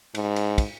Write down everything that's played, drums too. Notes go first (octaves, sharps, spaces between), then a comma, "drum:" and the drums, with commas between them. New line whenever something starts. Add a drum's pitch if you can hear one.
G#2, drum: cymbal
drum: cymbal
drum: kick, cymbal